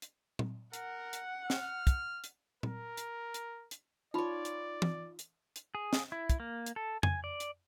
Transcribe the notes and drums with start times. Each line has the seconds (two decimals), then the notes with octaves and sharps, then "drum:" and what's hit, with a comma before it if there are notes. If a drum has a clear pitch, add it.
0.02 drum: hi-hat
0.39 drum: tom A#2
0.73 A#4 F#5, drum: hi-hat
1.13 drum: hi-hat
1.50 F6, drum: snare
1.87 drum: kick, hi-hat
2.24 drum: hi-hat
2.63 A#4, drum: tom A#2
2.97 drum: hi-hat
3.34 drum: hi-hat
3.71 drum: hi-hat
4.14 D#4 F4 C#5 D5 B5
4.45 drum: hi-hat
4.82 drum: tom
5.19 drum: hi-hat
5.56 drum: hi-hat
5.75 G#4
5.93 drum: snare
6.12 E4
6.30 drum: kick, hi-hat
6.40 A#3
6.66 drum: hi-hat
6.76 A4
7.03 G#5, drum: tom
7.24 D5
7.40 drum: hi-hat